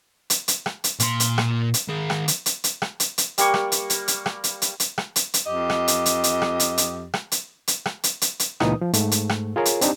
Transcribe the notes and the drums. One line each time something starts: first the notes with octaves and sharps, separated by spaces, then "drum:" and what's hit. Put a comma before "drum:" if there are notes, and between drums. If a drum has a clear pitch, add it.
drum: hi-hat
drum: hi-hat
drum: rim click
drum: hi-hat
A#2 C6, drum: hi-hat
drum: hi-hat
drum: rim click
drum: hi-hat
D#3 G#4
drum: rim click
drum: hi-hat
drum: hi-hat
drum: hi-hat
drum: rim click
drum: hi-hat
drum: hi-hat
G3 A#3 C#6, drum: hi-hat
drum: rim click
drum: hi-hat
drum: hi-hat
drum: hi-hat
drum: rim click
drum: hi-hat
drum: hi-hat
drum: hi-hat
drum: rim click
drum: hi-hat
drum: hi-hat
F2 G4 D#5
drum: rim click
drum: hi-hat
drum: hi-hat
drum: hi-hat
drum: rim click
drum: hi-hat
drum: hi-hat
drum: rim click
drum: hi-hat
drum: hi-hat
drum: rim click
drum: hi-hat
drum: hi-hat
drum: hi-hat
C#2 A#2 E3 D#4 B4 D#6, drum: rim click
F3
G#2 A3, drum: hi-hat
drum: hi-hat
drum: rim click
F4 G#4 A#4 C#5
drum: hi-hat
C4 D4 D#4 G4, drum: hi-hat